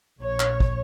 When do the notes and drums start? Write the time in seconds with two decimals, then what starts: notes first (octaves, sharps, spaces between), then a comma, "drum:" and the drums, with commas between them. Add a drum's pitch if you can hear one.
0.19 A#1 C#5
0.40 drum: clap
0.60 drum: kick